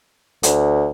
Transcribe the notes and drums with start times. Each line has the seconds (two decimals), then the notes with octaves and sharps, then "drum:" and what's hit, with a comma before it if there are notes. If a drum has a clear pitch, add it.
0.43 D2, drum: hi-hat